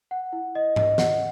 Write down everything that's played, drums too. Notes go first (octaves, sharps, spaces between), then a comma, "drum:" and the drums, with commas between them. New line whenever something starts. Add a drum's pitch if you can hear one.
F#5
E4
D#5
D#5, drum: tom G#2
F#5, drum: snare